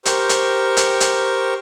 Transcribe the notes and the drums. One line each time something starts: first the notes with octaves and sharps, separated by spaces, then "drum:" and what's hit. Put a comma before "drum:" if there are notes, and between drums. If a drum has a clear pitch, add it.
G4 A#4 C5 C#6, drum: hi-hat
drum: hi-hat
drum: hi-hat
drum: hi-hat